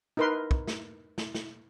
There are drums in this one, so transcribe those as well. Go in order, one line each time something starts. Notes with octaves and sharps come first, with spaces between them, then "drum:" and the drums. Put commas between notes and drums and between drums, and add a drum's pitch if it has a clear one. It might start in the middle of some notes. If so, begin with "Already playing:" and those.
D#4 E4 A#4 B4 C6
drum: kick
drum: snare
drum: snare
drum: snare